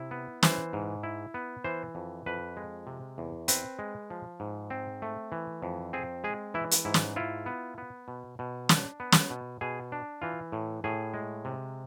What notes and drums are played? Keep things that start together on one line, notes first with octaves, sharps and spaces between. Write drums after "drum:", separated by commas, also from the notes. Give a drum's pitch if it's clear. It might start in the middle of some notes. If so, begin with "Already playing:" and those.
Already playing: C3 E4
B3
E3 C5, drum: snare
G#2
E4
B3
E3 C5
F2
F2 B4
G#3
C3
E2
C4 B4, drum: hi-hat
G#3
F3
G#2
C4
A3
E3
F2
C4 G#4
G#3 G#4
E3 E4
drum: hi-hat
G#2 E4
drum: snare
E4 F4
B3
B3
B2
B2
D4, drum: snare
B3
drum: snare
B2
B2 G#4
D4
E3 F4
A2
A2 G#4
G#3
C3